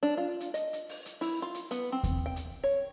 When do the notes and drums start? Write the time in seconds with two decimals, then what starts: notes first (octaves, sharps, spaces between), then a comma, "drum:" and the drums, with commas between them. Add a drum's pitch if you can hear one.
0.03 D4
0.17 F4
0.40 drum: hi-hat
0.54 D#5, drum: hi-hat
0.73 drum: hi-hat
0.89 drum: open hi-hat
1.06 drum: hi-hat
1.21 E4, drum: open hi-hat
1.42 F4
1.55 drum: hi-hat
1.71 B3, drum: hi-hat
1.92 C4
2.03 drum: kick D#2, hi-hat
2.26 G5
2.36 drum: hi-hat
2.64 C#5